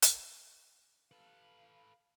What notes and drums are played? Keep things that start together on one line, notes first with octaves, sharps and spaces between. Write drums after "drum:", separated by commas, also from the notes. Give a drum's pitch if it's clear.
drum: hi-hat
A4 B4 F5